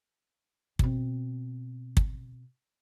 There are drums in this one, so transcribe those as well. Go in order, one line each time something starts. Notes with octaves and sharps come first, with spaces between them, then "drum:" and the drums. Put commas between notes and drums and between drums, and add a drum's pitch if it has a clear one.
B2 C4, drum: kick
drum: kick